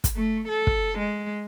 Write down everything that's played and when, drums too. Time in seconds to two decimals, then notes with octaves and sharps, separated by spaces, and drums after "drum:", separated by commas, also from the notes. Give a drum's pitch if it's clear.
0.04 drum: kick, hi-hat
0.16 A3
0.48 A4
0.67 drum: kick
0.98 G#3